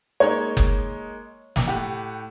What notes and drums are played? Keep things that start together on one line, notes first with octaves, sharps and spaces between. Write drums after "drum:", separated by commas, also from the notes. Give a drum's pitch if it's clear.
G#3 A#3 D#4 C#5
drum: kick F#1
drum: snare
A2 G4 F#5